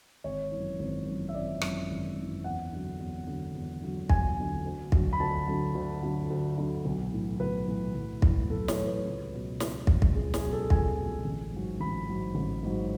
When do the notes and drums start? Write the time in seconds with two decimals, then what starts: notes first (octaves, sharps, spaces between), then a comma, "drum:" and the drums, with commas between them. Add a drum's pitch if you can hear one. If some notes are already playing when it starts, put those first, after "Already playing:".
0.24 G#1 C#5
0.52 F#2 E3
0.79 G#1
1.07 F#2 E3
1.29 E5
1.34 G#1 D5
1.62 F#2 E3, drum: rim click
1.90 G#1
2.17 F#2 E3
2.44 E2 F#5
2.72 D3 F#3
2.99 E2
3.27 D3 F#3
3.55 E2
3.82 D3 F#3
4.09 E2 G#5, drum: kick
4.37 D3 F#3
4.65 D2
4.92 D3 F#3, drum: kick
5.13 B5
5.20 D2 A5
5.47 D3 F#3
5.75 D2
6.03 D3 F#3
6.30 D2
6.58 D3 F#3
6.85 B1
7.12 A2 E3
7.40 B1 B4
7.67 A2 E3
7.95 B1
8.22 A2 E3, drum: kick
8.50 B1 A4
8.68 C#5, drum: snare
8.78 A2 E3
8.86 B4
9.05 C#2
9.33 B2 F#3
9.60 C#2, drum: snare
9.87 B2 F#3, drum: kick
10.02 drum: kick
10.15 C#2 G#4
10.34 G#4, drum: snare
10.43 B2 F#3
10.52 A4
10.70 C#2 G#5, drum: kick
10.98 B2 F#3
11.25 A1
11.53 G#2 F#3
11.80 A1 B5
12.08 G#2 F#3
12.35 A1
12.63 G#2 F#3